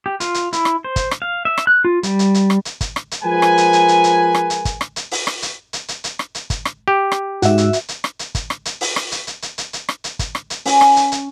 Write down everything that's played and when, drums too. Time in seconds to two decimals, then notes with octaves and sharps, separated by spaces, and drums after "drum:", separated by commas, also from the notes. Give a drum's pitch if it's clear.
0.06 G4
0.20 F4, drum: hi-hat
0.34 drum: hi-hat
0.53 E4, drum: hi-hat
0.65 drum: rim click
0.84 C5
0.96 drum: kick, hi-hat
1.11 drum: rim click
1.22 F5
1.45 E5
1.58 drum: rim click
1.67 F#6
1.85 F4
2.03 G3, drum: hi-hat
2.19 drum: hi-hat
2.34 drum: hi-hat
2.50 drum: rim click
2.65 drum: hi-hat
2.81 drum: kick, hi-hat
2.96 drum: rim click
3.11 drum: hi-hat
3.24 F3 G#3 A#4 B4 G#5
3.42 drum: rim click
3.58 drum: hi-hat
3.73 drum: hi-hat
3.88 drum: hi-hat
4.04 drum: hi-hat
4.35 drum: rim click
4.50 drum: hi-hat
4.65 drum: kick, hi-hat
4.81 drum: rim click
4.96 drum: hi-hat
5.11 drum: open hi-hat
5.27 drum: rim click
5.42 drum: hi-hat
5.73 drum: hi-hat
5.88 drum: hi-hat
6.04 drum: hi-hat
6.19 drum: rim click
6.35 drum: hi-hat
6.50 drum: kick, hi-hat
6.65 drum: rim click
6.88 G4
7.12 drum: rim click
7.42 G#2 F#4 E5, drum: hi-hat
7.58 drum: hi-hat
7.73 drum: hi-hat
7.88 drum: hi-hat
8.04 drum: rim click
8.19 drum: hi-hat
8.35 drum: kick, hi-hat
8.50 drum: rim click
8.65 drum: hi-hat
8.81 drum: open hi-hat
8.96 drum: rim click
9.12 drum: hi-hat
9.27 drum: hi-hat
9.42 drum: hi-hat
9.58 drum: hi-hat
9.73 drum: hi-hat
9.89 drum: rim click
10.04 drum: hi-hat
10.19 drum: kick, hi-hat
10.35 drum: rim click
10.50 drum: hi-hat
10.65 C#4, drum: open hi-hat
10.81 drum: rim click
10.96 drum: hi-hat
11.12 drum: hi-hat